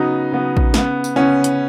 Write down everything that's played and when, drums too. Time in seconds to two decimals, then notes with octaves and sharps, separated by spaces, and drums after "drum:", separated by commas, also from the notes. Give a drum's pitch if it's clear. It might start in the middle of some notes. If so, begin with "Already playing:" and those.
Already playing: C#3 F#3 B3 D#4
0.32 C#3 F#3 B3
0.57 drum: kick A#1
0.74 C#3 B3, drum: snare
1.04 drum: tambourine
1.16 C#3 B3 C#4
1.44 drum: hi-hat